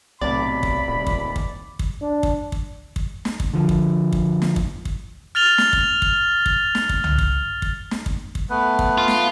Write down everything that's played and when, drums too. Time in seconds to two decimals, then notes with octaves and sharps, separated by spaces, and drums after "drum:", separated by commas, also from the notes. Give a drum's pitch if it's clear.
0.21 B1 A2 C3 D5 B5
0.63 drum: kick
0.88 D#1
1.07 drum: kick
1.36 drum: kick
1.79 drum: kick
2.02 D4
2.23 drum: kick
2.52 drum: kick
2.96 drum: kick
3.25 drum: snare
3.40 drum: kick
3.53 D3 F3
3.69 drum: kick
4.13 drum: kick
4.42 drum: snare
4.56 drum: kick
4.85 drum: kick
5.35 F6 A6 F7 G7
5.58 drum: snare
5.73 drum: kick
6.02 drum: kick
6.46 drum: kick
6.75 drum: snare
6.89 drum: kick
7.04 drum: tom
7.18 drum: kick
7.62 drum: kick
7.91 drum: snare
8.06 drum: kick
8.35 drum: kick
8.50 A3 B3 B4
8.79 drum: kick
8.98 F4
9.08 drum: snare